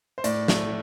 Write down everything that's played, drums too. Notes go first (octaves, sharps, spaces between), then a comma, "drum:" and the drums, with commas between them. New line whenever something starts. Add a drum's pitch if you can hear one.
C5
A2 D5, drum: hi-hat
A3, drum: snare